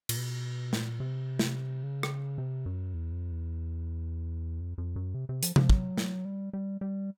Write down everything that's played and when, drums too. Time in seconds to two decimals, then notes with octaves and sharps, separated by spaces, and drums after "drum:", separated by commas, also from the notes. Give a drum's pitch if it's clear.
0.09 A#2, drum: cymbal
0.17 B2
0.73 A#2, drum: snare
1.00 C3
1.39 drum: snare
1.83 C#3
2.03 drum: rim click
2.38 C3
2.66 F#2
2.94 E2
3.12 F2
3.31 E2
4.60 F2
4.78 F2
4.96 F#2
5.14 C3
5.29 C3
5.43 F3, drum: hi-hat
5.56 F3, drum: tom C3
5.70 F#3, drum: kick
5.97 drum: snare
6.25 G3
6.53 G3
6.81 G3